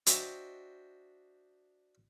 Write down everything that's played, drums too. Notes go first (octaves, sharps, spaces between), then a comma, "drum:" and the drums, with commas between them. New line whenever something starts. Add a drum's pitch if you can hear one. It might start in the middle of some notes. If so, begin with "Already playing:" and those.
D4 F#4 C5 D#5 E5 G5, drum: hi-hat